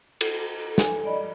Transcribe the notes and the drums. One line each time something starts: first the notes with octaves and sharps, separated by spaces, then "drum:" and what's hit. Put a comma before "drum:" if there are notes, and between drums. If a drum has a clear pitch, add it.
A4, drum: cymbal
G#5, drum: snare
D5 D#5 B5